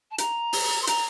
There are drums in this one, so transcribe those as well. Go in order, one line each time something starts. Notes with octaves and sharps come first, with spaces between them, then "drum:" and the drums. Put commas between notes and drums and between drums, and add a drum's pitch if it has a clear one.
A5
A#5, drum: hi-hat
drum: open hi-hat
C6
A#5, drum: hi-hat